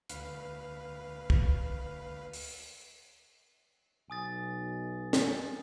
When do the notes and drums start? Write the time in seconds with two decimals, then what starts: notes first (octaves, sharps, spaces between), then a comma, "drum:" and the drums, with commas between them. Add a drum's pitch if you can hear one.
0.09 D2 B4 F5, drum: hi-hat
1.30 drum: kick
2.33 drum: open hi-hat
4.10 B1 G#5 D#6 A6
5.13 drum: snare